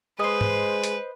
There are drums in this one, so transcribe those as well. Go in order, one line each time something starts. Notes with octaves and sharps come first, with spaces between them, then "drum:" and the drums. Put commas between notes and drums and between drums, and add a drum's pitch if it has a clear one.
G#3 B4 C5 D#5
drum: tom G#2
drum: hi-hat